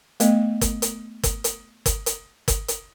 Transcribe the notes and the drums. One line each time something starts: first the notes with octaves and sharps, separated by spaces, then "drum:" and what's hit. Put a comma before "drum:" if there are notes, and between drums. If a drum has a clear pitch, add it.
A3 B3 D#5, drum: hi-hat
drum: kick, hi-hat
drum: hi-hat
drum: kick, hi-hat
drum: hi-hat
drum: kick, hi-hat
drum: hi-hat
drum: kick, hi-hat
drum: hi-hat